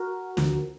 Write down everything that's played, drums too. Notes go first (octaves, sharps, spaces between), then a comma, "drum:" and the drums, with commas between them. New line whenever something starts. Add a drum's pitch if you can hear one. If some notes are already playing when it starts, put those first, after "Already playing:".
Already playing: F#4 A#4
D2 D3 F3, drum: snare